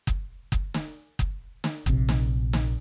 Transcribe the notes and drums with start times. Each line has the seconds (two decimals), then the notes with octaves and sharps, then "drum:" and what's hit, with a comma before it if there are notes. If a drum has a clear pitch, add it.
0.07 drum: kick F#1
0.52 drum: kick F#1
0.74 drum: snare
1.19 drum: kick F#1
1.64 drum: snare
1.86 A#1 C3, drum: kick F#1
2.09 drum: snare
2.53 drum: snare